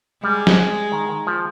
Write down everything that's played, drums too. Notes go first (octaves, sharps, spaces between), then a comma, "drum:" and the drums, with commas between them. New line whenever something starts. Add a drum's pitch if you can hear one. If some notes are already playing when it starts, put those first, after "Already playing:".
G3 G#3
drum: snare
D#3
D#3
F3